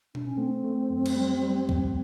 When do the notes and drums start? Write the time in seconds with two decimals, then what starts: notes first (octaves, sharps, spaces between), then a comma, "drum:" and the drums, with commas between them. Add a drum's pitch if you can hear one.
0.15 D4, drum: tom B2
0.26 C#4
0.37 A3 C4
0.64 A3
0.90 F#2
1.06 drum: cymbal
1.16 G3
1.43 G3
1.69 F2, drum: kick C2